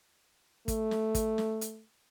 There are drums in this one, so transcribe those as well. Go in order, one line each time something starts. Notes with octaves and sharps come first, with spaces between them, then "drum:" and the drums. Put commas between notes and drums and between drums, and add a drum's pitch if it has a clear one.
A3, drum: kick, hi-hat
drum: snare
drum: kick, hi-hat
drum: snare
drum: hi-hat